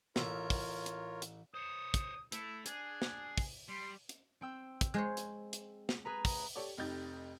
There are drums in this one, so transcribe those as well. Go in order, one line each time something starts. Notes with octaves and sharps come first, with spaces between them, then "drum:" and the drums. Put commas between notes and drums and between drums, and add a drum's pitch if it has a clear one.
A1 F4 A#4 C#5 E5, drum: snare
drum: kick, open hi-hat
drum: hi-hat
drum: hi-hat
C5 C#5 D#6
drum: kick, hi-hat
A3 E4, drum: hi-hat
D4 G#4, drum: hi-hat
drum: snare
drum: kick, open hi-hat
G3 C6
drum: hi-hat
C4 G5 E6
drum: kick, hi-hat
G#3 C5 C#5
drum: hi-hat
drum: hi-hat
drum: snare
G#4 B4 A#5
drum: kick, open hi-hat
G4 A4 C#5 D5
F1 F2 D#4 G4 G6 A6